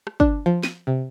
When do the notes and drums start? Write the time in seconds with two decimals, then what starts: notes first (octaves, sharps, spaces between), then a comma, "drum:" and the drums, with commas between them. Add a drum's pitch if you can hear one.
0.07 drum: rim click
0.20 D4, drum: kick
0.46 F3
0.63 D#7, drum: snare
0.87 C3